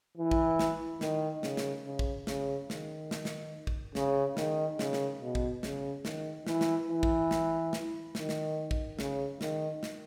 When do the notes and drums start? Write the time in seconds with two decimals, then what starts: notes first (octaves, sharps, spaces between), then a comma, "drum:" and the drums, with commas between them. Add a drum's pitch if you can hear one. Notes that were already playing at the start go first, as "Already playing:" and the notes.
0.18 E3
0.31 drum: kick
0.59 drum: snare
1.01 D#3, drum: snare
1.43 C#3, drum: snare
1.57 drum: snare
1.85 C#3
1.99 drum: kick
2.27 C#3, drum: snare
2.70 D#3, drum: snare
3.11 drum: snare
3.25 drum: snare
3.67 drum: kick
3.95 C#3, drum: snare
4.37 D#3, drum: snare
4.79 C#3, drum: snare
4.93 drum: snare
5.21 B2
5.35 drum: kick
5.63 C#3, drum: snare
6.05 D#3, drum: snare
6.47 E3, drum: snare
6.61 drum: snare
6.89 E3
7.03 drum: kick
7.31 drum: snare
7.73 drum: snare
8.15 D#3, drum: snare
8.29 drum: snare
8.71 drum: kick
8.99 C#3, drum: snare
9.41 D#3, drum: snare
9.83 drum: snare